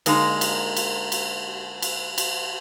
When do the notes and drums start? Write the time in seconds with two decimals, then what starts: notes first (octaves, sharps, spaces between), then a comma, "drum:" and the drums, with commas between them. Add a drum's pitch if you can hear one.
0.06 D3 G#3 A#3 D#4 A#4, drum: cymbal
0.41 drum: cymbal
0.77 drum: cymbal
1.12 drum: cymbal
1.82 drum: cymbal
2.18 drum: cymbal